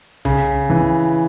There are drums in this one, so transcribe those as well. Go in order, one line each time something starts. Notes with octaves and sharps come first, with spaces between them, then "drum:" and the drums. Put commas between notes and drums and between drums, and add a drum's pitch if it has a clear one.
C#3, drum: tom C2
E3